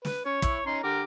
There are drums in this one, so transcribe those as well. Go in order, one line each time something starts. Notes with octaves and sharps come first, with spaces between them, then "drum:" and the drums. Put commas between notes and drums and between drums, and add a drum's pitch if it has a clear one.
B4, drum: snare
C#4 C#5
E4 C#6, drum: kick, hi-hat
C#4 D#4 A#5 C6
D3 G4 A#4 D6